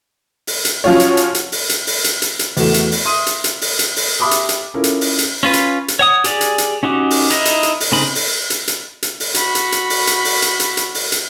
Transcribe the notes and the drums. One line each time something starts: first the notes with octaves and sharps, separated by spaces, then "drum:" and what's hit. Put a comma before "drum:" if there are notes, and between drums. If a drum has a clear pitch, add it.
drum: open hi-hat
drum: hi-hat
F3 C#4 F4 F#4 C#5
drum: hi-hat
drum: hi-hat
drum: hi-hat
drum: open hi-hat
drum: hi-hat
drum: open hi-hat
drum: hi-hat
drum: hi-hat
drum: hi-hat
E2 A3 F#4 A4 E7, drum: open hi-hat
drum: hi-hat
drum: open hi-hat
E5 C6 D#6 D#7
drum: hi-hat
drum: hi-hat
drum: open hi-hat
drum: hi-hat
drum: open hi-hat
G4 E5 A5 B5 D6 D#6
drum: hi-hat
drum: hi-hat
C#4 E4 F4 A4 A#4
drum: hi-hat
drum: open hi-hat
drum: hi-hat
C#4 F4 B4
drum: hi-hat
drum: hi-hat
C#5 F#5 D#6
G4 G#4 D5, drum: hi-hat
drum: hi-hat
drum: hi-hat
C#4 D#4 F#4 G4
drum: open hi-hat
D#4 E4 D#5, drum: hi-hat
drum: hi-hat
drum: hi-hat
drum: open hi-hat
C#3 C4 D#4 B5
drum: open hi-hat
drum: hi-hat
drum: hi-hat
drum: hi-hat
drum: open hi-hat
F#4 B5, drum: hi-hat
drum: hi-hat
drum: hi-hat
drum: open hi-hat
drum: hi-hat
drum: open hi-hat
drum: hi-hat
drum: hi-hat
drum: hi-hat
drum: open hi-hat
drum: hi-hat